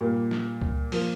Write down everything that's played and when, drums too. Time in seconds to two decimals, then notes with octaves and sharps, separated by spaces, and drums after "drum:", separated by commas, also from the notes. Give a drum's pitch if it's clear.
0.01 A#2 G3 A#3
0.31 drum: snare
0.61 drum: kick C#2
0.92 F3 A#3 F4, drum: open hi-hat